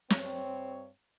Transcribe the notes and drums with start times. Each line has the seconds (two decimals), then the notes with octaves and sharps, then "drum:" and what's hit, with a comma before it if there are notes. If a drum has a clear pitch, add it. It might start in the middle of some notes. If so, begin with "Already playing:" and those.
0.10 G2 C4 C#5, drum: snare